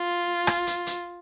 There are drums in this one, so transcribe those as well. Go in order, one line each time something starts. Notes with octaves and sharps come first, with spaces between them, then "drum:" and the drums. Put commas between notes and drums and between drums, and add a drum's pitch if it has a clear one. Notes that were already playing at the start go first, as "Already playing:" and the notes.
Already playing: F4
drum: rim click
drum: hi-hat
drum: hi-hat